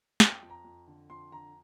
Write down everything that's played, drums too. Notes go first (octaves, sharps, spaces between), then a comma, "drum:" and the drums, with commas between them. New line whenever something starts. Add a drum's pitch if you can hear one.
F2 G5, drum: snare
F2
A#5
F2
D3
F2 C6
D3 A#5